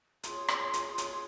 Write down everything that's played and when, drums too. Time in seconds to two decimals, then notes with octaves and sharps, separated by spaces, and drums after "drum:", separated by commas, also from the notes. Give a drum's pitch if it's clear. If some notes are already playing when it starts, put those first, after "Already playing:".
0.23 F4 G#4 C#5 C6, drum: hi-hat
0.48 drum: rim click
0.73 drum: hi-hat
0.98 F4 G#4 C#5, drum: hi-hat